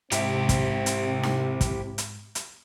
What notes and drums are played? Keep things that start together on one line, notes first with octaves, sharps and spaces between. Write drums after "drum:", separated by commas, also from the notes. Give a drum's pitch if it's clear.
G#2 C3 C4 E4 G4 E5, drum: hi-hat
drum: kick, hi-hat
drum: hi-hat
drum: snare D#4
drum: kick, hi-hat
drum: hi-hat
drum: hi-hat